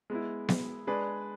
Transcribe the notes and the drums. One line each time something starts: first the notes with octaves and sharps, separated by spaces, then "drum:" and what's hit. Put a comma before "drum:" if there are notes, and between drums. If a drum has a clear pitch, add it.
G#3 B3 E4
drum: snare B3
G#3 D4 G#4 B4 D5